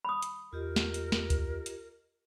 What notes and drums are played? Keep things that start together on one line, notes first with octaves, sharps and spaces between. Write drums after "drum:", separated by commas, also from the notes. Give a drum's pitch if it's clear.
B5 D#6
drum: hi-hat
E2 F4 G4 A#4 D#5
drum: snare
drum: hi-hat
drum: snare
drum: kick C#2, hi-hat
drum: hi-hat